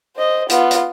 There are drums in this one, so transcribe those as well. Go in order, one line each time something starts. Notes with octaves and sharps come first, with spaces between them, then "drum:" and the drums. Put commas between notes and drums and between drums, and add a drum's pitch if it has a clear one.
C5 D#5
B3 F4, drum: hi-hat
drum: hi-hat